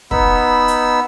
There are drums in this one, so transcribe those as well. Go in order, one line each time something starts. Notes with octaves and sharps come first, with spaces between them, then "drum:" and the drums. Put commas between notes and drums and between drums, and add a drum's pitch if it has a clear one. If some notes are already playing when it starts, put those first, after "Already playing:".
B3 D#4 B5 E6, drum: kick
drum: hi-hat